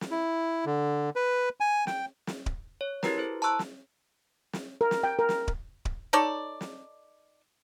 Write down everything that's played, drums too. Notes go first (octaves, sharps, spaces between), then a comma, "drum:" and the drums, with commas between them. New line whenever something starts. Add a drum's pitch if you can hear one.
drum: snare
E4
D3
B4
G#5
G5, drum: snare
drum: snare
drum: kick D1
C#5
E4 F#4 G4 A#4 B4 A#5, drum: snare
E4 A4 C5
A5 A#5 C6 C#6 E6 F#6
drum: snare
drum: snare
A#4
drum: snare
G5
A#4
drum: snare
drum: kick D1
drum: kick D1
D#4 A4 C#5 D5
drum: snare